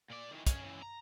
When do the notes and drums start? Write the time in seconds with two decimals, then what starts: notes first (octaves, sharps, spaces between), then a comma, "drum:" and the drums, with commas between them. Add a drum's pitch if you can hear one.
0.10 A#2 D5
0.31 D#3 E3
0.47 C#4 G#4, drum: kick, hi-hat
0.61 C#3 E3
0.82 A#5